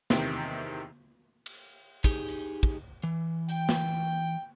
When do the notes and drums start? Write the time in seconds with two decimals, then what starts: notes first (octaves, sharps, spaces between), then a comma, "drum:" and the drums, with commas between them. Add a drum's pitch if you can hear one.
0.10 E2 C3 D#3 E5 G5, drum: snare
1.46 drum: cymbal
2.04 D#4 G4 G#4, drum: kick
2.28 drum: hi-hat
2.63 drum: kick
3.03 E3
3.49 G5, drum: hi-hat
3.69 drum: snare